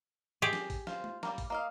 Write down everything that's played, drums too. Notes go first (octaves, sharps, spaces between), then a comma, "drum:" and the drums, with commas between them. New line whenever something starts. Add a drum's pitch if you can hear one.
G4 G#4
drum: snare
drum: kick G#1, open hi-hat
F4 C5, drum: snare
drum: tom G#3
G3 A#3, drum: snare
drum: kick G#1, open hi-hat
A#3 D#5 F5